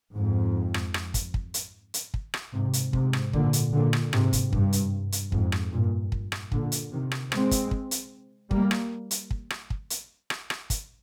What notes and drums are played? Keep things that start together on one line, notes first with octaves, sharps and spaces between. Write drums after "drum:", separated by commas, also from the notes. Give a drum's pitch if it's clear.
F2 G#2
drum: rim click
drum: rim click
drum: kick, hi-hat
drum: kick
drum: hi-hat
drum: hi-hat
drum: kick
drum: rim click
G#2 C3
drum: hi-hat
G#2 C3, drum: kick
drum: rim click
A#2 D3, drum: kick
drum: hi-hat
A#2 D3
drum: rim click
G#2 C3, drum: rim click
drum: kick, hi-hat
G2, drum: kick
drum: hi-hat
drum: hi-hat
F2 G#2, drum: kick
drum: rim click
G2 A#2
drum: kick
drum: rim click
A#2 D3, drum: kick
drum: hi-hat
C3 D#3
drum: rim click
G#3 C4, drum: rim click
drum: kick, hi-hat
drum: kick
drum: hi-hat
G3 A#3, drum: kick
drum: rim click
drum: hi-hat
drum: kick
drum: rim click
drum: kick
drum: hi-hat
drum: rim click
drum: rim click
drum: kick, hi-hat